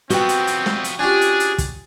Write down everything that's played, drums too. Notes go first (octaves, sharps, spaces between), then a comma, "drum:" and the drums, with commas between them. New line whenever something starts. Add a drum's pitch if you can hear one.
F3 B3 C4 F#4 B4 G5, drum: hi-hat
drum: hi-hat
drum: hi-hat
drum: snare
drum: hi-hat
C#4 D4 F4 G4 G#4
drum: hi-hat
drum: hi-hat
drum: kick, hi-hat